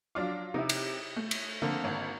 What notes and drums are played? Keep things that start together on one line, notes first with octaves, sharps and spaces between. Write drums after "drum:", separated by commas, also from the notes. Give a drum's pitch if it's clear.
F#3 D4 F4 F5 D6
C3 D#4 E4
drum: cymbal
A3
drum: cymbal
D3 A#3 C4
G#1